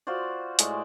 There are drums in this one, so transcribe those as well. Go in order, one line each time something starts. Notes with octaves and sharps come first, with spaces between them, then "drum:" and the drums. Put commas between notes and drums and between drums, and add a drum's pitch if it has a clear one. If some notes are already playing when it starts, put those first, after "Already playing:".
F4 F#4 C5 D5
A2 G#3 D5, drum: hi-hat